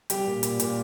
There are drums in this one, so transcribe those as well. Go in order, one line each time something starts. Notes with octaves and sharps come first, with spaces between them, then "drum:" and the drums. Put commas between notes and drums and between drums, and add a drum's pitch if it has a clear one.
G3 G4, drum: hi-hat
A#2
A#2, drum: hi-hat
A#2, drum: hi-hat